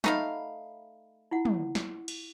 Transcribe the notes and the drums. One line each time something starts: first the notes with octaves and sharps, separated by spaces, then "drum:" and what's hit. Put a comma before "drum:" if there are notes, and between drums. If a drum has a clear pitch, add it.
A3 D#4 F5 F#5 B5 D#6, drum: snare
E4 F4 F#5
drum: tom
drum: snare
drum: cymbal